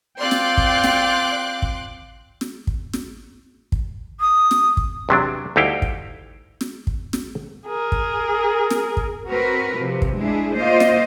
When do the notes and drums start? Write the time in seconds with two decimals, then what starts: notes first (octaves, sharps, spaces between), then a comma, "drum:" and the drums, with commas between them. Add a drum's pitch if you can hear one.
0.20 C4 F4 D5 G5 C6 D6 F#6
0.31 drum: snare
0.57 drum: kick
0.84 drum: snare
1.62 drum: kick
2.41 drum: snare
2.67 drum: kick
2.94 drum: snare
3.72 drum: kick
4.20 D#6
4.51 drum: snare
4.77 drum: kick
5.09 E2 C3 F#3 D4
5.56 D2 G3 D#4 E4 F5 G5
5.82 drum: kick
6.61 drum: snare
6.87 drum: kick
7.13 drum: snare
7.67 G#4 A#4
7.92 drum: kick
8.71 drum: snare
8.97 drum: kick
9.27 C4 F#4 A#4 B4
9.75 C3 F3
10.02 drum: kick
10.18 G#3 D4 E4 G#4
10.57 A#3 F4 C5 D5 D#5
10.80 drum: snare